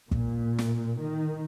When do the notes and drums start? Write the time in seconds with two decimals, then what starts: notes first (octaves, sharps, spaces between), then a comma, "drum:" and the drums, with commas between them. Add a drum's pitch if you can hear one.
0.11 A#2, drum: kick
0.59 drum: snare
0.98 D#3